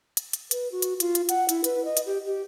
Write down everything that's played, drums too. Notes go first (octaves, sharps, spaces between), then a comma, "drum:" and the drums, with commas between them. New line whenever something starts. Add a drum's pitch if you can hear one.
drum: hi-hat
drum: hi-hat
B4, drum: hi-hat
F#4
drum: hi-hat
F4, drum: hi-hat
drum: hi-hat
F#5, drum: hi-hat
E4, drum: hi-hat
B4, drum: hi-hat
D#5
drum: hi-hat
G4
G4